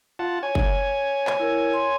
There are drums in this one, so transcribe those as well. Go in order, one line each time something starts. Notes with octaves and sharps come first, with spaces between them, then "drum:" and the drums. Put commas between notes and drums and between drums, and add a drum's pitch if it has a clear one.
F4 F#5 A5
C#5 G#5
drum: kick
drum: clap
E4 A#4
C6